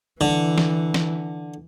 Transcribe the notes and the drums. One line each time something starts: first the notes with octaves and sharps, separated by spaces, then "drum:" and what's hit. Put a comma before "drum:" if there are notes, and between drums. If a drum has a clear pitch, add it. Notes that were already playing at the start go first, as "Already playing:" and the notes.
D3 E3
drum: snare
drum: snare